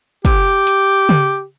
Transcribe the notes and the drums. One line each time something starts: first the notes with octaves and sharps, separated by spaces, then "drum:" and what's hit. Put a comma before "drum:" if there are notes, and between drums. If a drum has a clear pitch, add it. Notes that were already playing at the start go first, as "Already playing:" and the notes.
G4, drum: kick, hi-hat
drum: hi-hat
drum: tom C#3